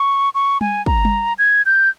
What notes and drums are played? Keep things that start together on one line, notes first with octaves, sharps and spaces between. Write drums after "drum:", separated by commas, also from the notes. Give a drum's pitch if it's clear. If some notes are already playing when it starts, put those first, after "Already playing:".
Already playing: C#6
C#6
G#5, drum: tom G3
A#5, drum: kick
drum: tom G3
G#6
G6